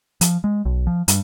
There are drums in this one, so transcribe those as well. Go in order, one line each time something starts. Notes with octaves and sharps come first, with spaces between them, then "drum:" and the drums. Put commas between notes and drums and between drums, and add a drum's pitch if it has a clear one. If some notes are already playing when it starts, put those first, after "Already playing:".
F3, drum: hi-hat
G#3
B1
F3
G2, drum: hi-hat